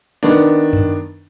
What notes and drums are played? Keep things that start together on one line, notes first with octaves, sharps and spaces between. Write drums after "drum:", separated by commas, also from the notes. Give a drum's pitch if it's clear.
D#3 B3 D4, drum: open hi-hat
drum: tom F#2